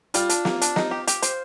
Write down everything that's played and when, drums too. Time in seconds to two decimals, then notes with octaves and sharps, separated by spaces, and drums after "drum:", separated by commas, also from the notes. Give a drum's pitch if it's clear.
0.14 G3 F4, drum: hi-hat
0.29 D4, drum: hi-hat
0.45 A#3, drum: snare
0.62 D4, drum: hi-hat
0.76 D#4, drum: snare
0.91 G4
1.07 G4, drum: hi-hat
1.22 C5, drum: hi-hat